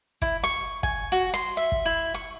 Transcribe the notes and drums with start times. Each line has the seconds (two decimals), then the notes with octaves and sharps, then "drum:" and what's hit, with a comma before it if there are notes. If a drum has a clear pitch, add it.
0.22 E4, drum: kick
0.43 C#6
0.83 G#5, drum: kick
1.12 F#4
1.34 C6
1.57 E5
1.72 drum: kick
1.85 E4
2.14 C#6